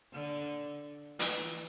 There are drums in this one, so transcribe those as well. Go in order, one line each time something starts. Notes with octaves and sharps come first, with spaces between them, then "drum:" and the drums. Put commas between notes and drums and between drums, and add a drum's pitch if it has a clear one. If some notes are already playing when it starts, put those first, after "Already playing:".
D3
E3, drum: hi-hat